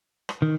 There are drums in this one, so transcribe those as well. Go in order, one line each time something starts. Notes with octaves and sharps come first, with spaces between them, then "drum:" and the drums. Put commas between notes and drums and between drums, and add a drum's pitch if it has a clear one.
drum: rim click
D#3